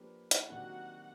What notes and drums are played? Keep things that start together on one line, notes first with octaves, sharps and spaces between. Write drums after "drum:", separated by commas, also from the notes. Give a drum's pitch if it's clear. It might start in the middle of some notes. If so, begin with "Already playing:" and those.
Already playing: F3 A#3 D4 G4 B4
drum: hi-hat
C3 D#3 F#3 A#3 D4 F#4 F#5